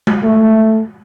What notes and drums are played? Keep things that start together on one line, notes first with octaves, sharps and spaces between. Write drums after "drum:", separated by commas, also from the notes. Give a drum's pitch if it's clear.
drum: tom G#3
A3